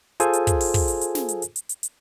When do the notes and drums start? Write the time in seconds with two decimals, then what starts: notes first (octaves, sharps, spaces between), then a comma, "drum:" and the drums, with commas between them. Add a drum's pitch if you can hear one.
0.20 F4 G#4 A4 C5 G#5, drum: hi-hat
0.33 drum: hi-hat
0.47 drum: kick, hi-hat
0.61 drum: open hi-hat
0.74 drum: kick, open hi-hat
0.88 drum: hi-hat
1.01 drum: hi-hat
1.15 drum: snare
1.28 drum: hi-hat
1.42 drum: hi-hat
1.56 drum: hi-hat
1.69 drum: hi-hat
1.83 drum: hi-hat